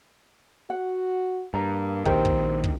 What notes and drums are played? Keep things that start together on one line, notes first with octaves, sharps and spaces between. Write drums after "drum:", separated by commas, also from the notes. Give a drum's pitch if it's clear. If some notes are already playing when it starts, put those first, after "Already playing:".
F#4 F#5
G2 A#3 A#5
A#1 D#3 C4 D#4 G4 A#4, drum: kick
drum: kick
drum: kick